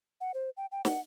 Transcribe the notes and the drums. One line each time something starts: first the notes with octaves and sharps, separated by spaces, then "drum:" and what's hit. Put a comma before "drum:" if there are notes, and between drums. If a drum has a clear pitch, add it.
F#5
C5
G5
G5
F#5, drum: snare